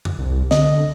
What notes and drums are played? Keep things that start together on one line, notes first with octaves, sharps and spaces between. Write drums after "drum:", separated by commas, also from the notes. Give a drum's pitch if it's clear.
drum: tom F#2
C2
D3 D#5, drum: snare